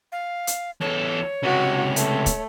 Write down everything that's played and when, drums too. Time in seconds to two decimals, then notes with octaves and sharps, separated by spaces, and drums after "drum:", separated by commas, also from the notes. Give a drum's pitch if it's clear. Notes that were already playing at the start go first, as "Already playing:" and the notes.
0.12 F5
0.47 drum: hi-hat
0.81 E2 A4 C#5
1.43 C#2 C3 F#4
1.96 A3, drum: hi-hat
2.26 drum: kick, hi-hat